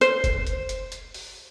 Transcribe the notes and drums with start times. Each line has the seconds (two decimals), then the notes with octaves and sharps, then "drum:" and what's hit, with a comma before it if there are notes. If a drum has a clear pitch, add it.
0.01 C5, drum: hi-hat
0.24 drum: kick F#1, hi-hat
0.47 drum: hi-hat
0.69 drum: hi-hat
0.92 drum: hi-hat
1.14 drum: open hi-hat